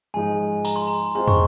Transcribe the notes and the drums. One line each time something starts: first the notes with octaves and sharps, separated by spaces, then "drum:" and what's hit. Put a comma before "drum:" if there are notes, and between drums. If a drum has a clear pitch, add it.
G#2 F3 G#3 D#4 G#5
A#5, drum: tambourine
C6
A#5
G#3 C4 F4 C5 D#5 C6
C#6, drum: tom